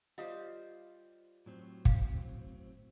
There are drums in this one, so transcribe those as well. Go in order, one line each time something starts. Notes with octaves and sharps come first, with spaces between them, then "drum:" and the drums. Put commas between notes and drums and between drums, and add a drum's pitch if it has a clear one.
G3 F4 C5 D#5 F5 D#6
A2 F#3 C4
F5, drum: kick